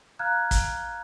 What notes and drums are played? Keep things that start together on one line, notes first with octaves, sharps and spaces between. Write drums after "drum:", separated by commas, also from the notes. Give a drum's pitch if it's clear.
F5 A#5 F6 F#6 G#6
drum: kick, hi-hat